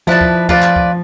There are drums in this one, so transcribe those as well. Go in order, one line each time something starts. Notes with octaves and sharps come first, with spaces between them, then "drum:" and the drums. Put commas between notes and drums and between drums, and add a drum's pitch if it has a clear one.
F3 E4 B4 D5 A5
drum: kick
F3 F4 B4 D5, drum: kick
drum: clap
drum: kick